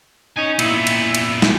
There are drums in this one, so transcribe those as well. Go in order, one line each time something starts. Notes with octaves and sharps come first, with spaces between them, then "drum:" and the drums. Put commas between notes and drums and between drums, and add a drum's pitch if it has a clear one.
D#4 C#5 G#5
A#2 B3 E4, drum: cymbal
drum: cymbal
drum: cymbal
drum: snare